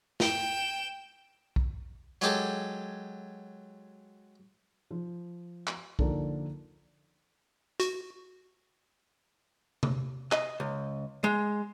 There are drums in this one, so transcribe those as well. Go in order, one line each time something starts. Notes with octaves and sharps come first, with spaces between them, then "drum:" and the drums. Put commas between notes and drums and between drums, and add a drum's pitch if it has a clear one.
G5 E7, drum: snare
drum: kick
F#3 G#3 G4 A4, drum: hi-hat
F3
drum: clap
D3 F3 A#3 D4 D#4 A4, drum: kick
F#4, drum: hi-hat
drum: tom C3
D#5, drum: clap
C#2
G#3